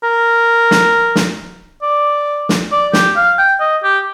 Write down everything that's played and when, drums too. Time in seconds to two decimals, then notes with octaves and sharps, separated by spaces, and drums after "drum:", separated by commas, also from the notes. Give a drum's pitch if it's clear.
0.04 A#4
0.71 drum: snare
1.16 drum: snare
1.82 D5
2.49 drum: snare
2.72 D5
2.93 G4, drum: snare
3.16 F5
3.39 G5
3.60 D#5
3.83 G4